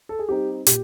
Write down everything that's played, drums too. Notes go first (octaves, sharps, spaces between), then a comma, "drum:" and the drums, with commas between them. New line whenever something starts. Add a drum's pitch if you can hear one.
A4
G#4
G3 C4 D#4 G4
A#2 G4, drum: hi-hat